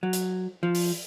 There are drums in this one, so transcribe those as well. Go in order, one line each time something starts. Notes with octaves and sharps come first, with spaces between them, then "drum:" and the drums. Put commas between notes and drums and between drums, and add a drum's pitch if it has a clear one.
F#3
drum: hi-hat
F3
drum: open hi-hat